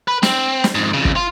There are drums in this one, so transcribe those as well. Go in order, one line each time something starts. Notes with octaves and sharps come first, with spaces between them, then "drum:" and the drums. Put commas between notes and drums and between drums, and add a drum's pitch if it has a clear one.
B4
C4, drum: snare
drum: snare
F2 G#2
F2 C#3
drum: kick
F4